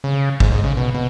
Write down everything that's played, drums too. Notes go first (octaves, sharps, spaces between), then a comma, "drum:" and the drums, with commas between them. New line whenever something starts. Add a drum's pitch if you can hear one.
C#3
G#2, drum: kick
G#2
C#3
B2
B2